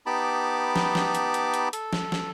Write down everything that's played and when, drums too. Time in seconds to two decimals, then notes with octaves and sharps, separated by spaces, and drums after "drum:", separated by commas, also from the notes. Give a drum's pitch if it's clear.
0.06 B3 D#4 G4 A5 B5 D6
0.76 drum: snare
0.95 drum: snare
1.15 drum: hi-hat
1.34 drum: hi-hat
1.54 drum: hi-hat
1.73 A4, drum: hi-hat
1.93 drum: snare
2.12 drum: snare